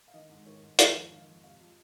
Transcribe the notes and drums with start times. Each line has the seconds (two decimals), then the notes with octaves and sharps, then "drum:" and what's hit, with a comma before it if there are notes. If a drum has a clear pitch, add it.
0.08 F5
0.14 D#3 D#5
0.30 G#2
0.46 D#3 C#5
0.62 G#2
0.79 D#3 C#5, drum: hi-hat
0.95 F2
1.11 D#3 F5
1.28 F2
1.44 C3 F5
1.61 F3